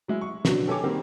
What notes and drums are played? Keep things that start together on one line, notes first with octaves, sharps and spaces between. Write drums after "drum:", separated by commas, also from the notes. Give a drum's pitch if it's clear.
F#3 G#3 E4
C#6
B2 D3 F#3, drum: snare
G4 A4 C#5 G#5 D6
D#3 G3 A#3 C4